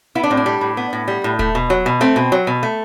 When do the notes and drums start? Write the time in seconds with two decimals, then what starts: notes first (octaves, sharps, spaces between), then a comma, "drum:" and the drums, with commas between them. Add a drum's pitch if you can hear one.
0.15 B3 E4
0.23 D4
0.30 A2 C4
0.37 D4
0.46 G3
0.61 A2
0.77 B3
0.93 A2
1.08 G3
1.24 A2
1.39 A3, drum: kick D#1
1.55 B2
1.70 F#3
1.86 B2
2.01 A3 C4
2.16 B2
2.32 F#3
2.47 B2
2.63 A3